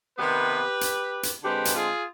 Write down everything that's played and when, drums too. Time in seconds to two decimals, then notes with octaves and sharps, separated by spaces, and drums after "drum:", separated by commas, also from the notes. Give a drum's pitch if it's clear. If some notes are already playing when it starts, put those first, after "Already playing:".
0.18 C3 D#3 B3 G4 B4
0.81 drum: hi-hat
1.23 drum: hi-hat
1.44 D3 G#3 C4 G4 B4
1.65 drum: hi-hat
1.76 F4 G#4